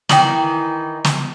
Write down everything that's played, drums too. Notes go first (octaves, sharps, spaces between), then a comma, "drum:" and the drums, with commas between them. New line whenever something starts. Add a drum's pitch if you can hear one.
D#3 E3 D#4 G5 D#6 F#7, drum: snare
drum: snare